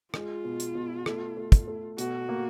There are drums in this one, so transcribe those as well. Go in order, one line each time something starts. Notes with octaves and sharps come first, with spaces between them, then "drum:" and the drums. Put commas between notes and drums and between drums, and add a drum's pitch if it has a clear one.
G#3 F4, drum: rim click
B2
drum: hi-hat
B2
A3, drum: rim click
A3
drum: kick, hi-hat
A3
B2 F#4, drum: hi-hat
A#3